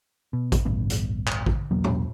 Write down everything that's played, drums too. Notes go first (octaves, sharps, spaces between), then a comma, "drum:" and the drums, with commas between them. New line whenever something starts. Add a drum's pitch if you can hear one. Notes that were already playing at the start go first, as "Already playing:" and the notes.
B2
drum: kick A1, hi-hat
A1 D2 G2 B2
drum: hi-hat
drum: clap
drum: kick A1
B1 E2 F#3 A#3
drum: tom A2